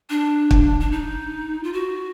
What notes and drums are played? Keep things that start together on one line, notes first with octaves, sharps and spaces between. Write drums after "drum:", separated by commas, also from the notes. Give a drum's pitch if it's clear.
D4
drum: kick
D4
D#4
F4
F#4